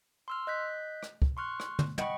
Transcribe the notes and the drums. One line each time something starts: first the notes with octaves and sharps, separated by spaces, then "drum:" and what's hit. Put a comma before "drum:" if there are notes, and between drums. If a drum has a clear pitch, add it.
C6 E6 F6
D#5 F#6 G6 B6
drum: rim click
drum: kick
C6 C#6 F6 F#6
drum: rim click
drum: tom
D#5 F#5 G5 B5 C#6, drum: tom